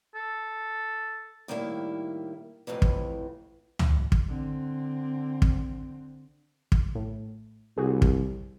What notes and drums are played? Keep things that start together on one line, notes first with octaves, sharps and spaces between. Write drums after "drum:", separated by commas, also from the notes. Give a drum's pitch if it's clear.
A4
A2 D#3 G3 A#3 E4
F2 A2 C3 E3
drum: kick
drum: tom C#2
drum: kick
D3 C4
drum: kick
drum: kick
A2
C2 F#4 G#4
drum: kick